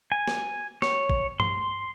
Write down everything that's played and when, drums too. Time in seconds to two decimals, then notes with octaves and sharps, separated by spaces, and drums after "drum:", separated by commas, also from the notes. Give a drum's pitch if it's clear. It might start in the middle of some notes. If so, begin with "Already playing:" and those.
0.12 G#5
0.28 drum: snare
0.82 C#5, drum: snare
1.10 drum: kick
1.40 C6, drum: tom G2